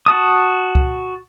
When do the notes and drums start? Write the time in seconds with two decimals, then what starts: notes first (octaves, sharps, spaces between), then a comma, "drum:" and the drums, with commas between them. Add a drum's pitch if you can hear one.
0.06 F#4 A5 D#6
0.75 drum: kick